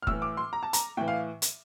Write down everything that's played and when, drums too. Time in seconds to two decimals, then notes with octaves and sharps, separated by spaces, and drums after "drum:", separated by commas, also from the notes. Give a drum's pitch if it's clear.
0.03 F6
0.07 A2 E3 E6, drum: kick F1
0.22 D6
0.37 C6
0.53 A#5
0.63 A5
0.73 A#5, drum: hi-hat
0.97 A2 E3 G5
1.08 F5
1.42 drum: hi-hat